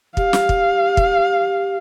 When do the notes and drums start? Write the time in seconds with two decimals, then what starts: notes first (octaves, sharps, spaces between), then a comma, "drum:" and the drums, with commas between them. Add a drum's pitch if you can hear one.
0.17 G4 F5, drum: kick
0.33 drum: snare
0.49 drum: kick
0.97 drum: kick